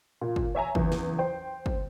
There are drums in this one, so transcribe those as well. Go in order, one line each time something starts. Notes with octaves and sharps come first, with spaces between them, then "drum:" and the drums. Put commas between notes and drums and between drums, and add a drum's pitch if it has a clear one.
A#2
drum: kick
C#5 E5 G#5 A#5
F#1 E2, drum: kick
drum: snare
C5 G5
drum: kick